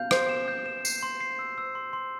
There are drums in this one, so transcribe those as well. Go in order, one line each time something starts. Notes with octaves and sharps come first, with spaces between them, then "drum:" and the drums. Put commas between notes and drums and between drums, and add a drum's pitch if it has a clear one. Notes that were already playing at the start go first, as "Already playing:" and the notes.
Already playing: F5 G6
C5 C7, drum: rim click
E7
G6
E7
C7, drum: tambourine
C6
C7
E6
E6
C6
C6